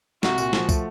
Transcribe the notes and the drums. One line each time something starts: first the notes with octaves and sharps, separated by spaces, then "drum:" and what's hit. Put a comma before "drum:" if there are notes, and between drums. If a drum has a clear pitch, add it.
C2 F#4, drum: snare
A#2, drum: tambourine
F3, drum: snare
A3, drum: kick, tambourine